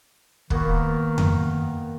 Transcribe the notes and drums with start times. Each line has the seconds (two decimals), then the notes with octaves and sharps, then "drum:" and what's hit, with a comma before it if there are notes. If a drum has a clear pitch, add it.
0.50 D#3 A#3 B3 F#4, drum: kick
1.18 drum: tom F2